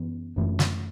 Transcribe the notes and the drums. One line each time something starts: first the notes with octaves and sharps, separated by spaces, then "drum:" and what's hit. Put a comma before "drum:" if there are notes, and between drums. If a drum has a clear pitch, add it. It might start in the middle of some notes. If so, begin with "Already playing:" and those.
Already playing: F#2 E3 B3
F#1 F#2 E3 A3
drum: snare